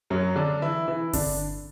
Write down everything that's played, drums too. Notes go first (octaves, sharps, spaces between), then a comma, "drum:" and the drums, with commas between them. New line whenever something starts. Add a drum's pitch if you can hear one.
F#2 F#3
D3 D4
E3 E4
E3 E4
D3 D4, drum: kick G1, open hi-hat